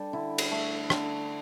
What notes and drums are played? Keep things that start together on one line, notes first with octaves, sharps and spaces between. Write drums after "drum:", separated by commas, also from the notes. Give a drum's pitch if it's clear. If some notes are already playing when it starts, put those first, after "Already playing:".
Already playing: G3 D4 G4 A4
D3 E4
drum: cymbal
A3
D3, drum: rim click